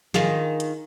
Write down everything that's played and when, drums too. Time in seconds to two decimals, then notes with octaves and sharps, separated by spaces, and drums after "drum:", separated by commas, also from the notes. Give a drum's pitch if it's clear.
0.14 D#3 F4 G#4, drum: snare
0.60 drum: hi-hat